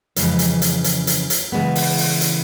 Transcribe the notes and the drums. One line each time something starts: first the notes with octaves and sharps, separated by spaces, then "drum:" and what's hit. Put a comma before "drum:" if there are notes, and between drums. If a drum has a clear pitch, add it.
F2 C#3 E3 G#3, drum: hi-hat
drum: hi-hat
drum: hi-hat
drum: hi-hat
drum: hi-hat
drum: hi-hat
C#3 E3 G#3 B3
drum: open hi-hat
drum: open hi-hat
drum: hi-hat